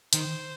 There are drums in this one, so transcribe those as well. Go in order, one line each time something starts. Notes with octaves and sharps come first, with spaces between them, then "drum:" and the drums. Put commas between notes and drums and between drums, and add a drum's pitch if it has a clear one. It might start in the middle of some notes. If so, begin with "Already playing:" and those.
D#3 C5, drum: hi-hat